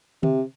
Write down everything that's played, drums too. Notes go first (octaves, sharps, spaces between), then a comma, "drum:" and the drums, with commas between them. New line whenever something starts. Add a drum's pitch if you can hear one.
C3, drum: tom D3